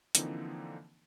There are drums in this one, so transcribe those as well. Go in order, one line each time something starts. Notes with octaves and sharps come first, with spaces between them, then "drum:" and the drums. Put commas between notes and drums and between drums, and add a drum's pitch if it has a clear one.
D3 E3 F3 A#3 C4 D#4, drum: hi-hat